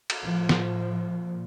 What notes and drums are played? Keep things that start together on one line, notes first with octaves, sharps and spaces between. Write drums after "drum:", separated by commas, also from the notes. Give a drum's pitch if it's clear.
drum: cymbal
A2 F3
drum: snare
A#2